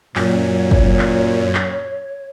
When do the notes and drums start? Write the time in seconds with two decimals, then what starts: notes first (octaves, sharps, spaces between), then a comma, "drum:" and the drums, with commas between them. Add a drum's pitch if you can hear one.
0.16 F#2 A#2 C#5, drum: clap
0.71 drum: kick
0.99 drum: clap
1.55 drum: clap